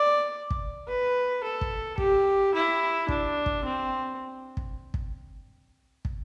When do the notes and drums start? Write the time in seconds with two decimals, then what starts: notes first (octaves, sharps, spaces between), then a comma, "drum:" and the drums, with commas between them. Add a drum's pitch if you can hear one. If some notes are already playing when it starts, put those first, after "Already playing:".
Already playing: D5
0.51 drum: kick
0.88 B4
1.43 A4
1.61 drum: kick
1.98 G4, drum: kick
2.54 E4
3.09 D4, drum: kick
3.46 drum: kick
3.65 C4
4.57 drum: kick
4.94 drum: kick
6.05 drum: kick